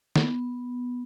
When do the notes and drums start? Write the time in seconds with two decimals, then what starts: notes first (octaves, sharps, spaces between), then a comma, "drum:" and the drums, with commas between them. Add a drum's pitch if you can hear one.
0.16 B3, drum: snare